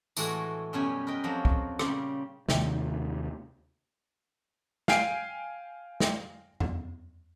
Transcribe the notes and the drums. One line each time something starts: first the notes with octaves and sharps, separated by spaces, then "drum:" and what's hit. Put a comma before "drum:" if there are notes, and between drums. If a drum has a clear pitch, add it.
A2 E3 G#3 F#4 A4, drum: tambourine
F#2 B2 G3 C#4 C#5 G#5
A#4 B4 D#5 G5
F2 F3 F#3 A#3 C#5 A#5
drum: kick
A#2 C#3 G3, drum: rim click
D#2 C3 D#3 A3, drum: snare
F5 G5 G#5 C7 D7, drum: snare
drum: snare
drum: tom E2